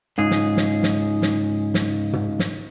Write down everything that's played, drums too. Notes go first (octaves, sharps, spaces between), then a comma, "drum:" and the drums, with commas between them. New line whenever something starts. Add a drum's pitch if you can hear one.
C#2 G#2 G#4
drum: snare
drum: snare
drum: snare
drum: snare
drum: snare
drum: tom
drum: snare